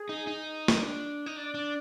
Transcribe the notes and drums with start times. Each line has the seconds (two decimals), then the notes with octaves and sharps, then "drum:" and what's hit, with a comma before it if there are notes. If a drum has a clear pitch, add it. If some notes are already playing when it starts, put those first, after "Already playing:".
Already playing: G#4
0.09 D#4
0.27 D#4
0.68 drum: snare
0.81 D4
1.26 D#4
1.36 D4 D5
1.54 D4